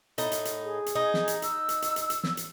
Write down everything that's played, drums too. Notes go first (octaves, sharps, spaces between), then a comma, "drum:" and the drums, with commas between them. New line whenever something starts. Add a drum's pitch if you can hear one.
A2 D#4, drum: hi-hat
drum: hi-hat
drum: hi-hat
G#4
drum: hi-hat
D#4
drum: snare
drum: hi-hat
E6, drum: hi-hat
drum: hi-hat
drum: hi-hat
drum: hi-hat
drum: hi-hat
drum: snare
drum: hi-hat